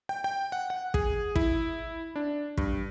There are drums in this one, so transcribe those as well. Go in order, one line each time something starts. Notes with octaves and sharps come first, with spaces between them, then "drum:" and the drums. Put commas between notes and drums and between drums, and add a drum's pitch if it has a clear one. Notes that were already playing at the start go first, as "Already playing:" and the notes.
G5
G5
F#5
F#5
G#4, drum: kick
E4, drum: kick
D4
G2, drum: kick